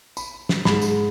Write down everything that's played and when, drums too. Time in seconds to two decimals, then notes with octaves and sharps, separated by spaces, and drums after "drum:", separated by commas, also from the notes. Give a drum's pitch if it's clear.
0.17 B5, drum: tambourine
0.49 drum: snare
0.65 G#2 G#3 B5, drum: snare
0.82 drum: tambourine